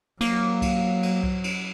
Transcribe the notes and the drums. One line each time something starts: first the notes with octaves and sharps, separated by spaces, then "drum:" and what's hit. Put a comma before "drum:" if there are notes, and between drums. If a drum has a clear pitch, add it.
F#3 A#3, drum: cymbal
drum: kick C2, cymbal
drum: cymbal
drum: kick C2
drum: cymbal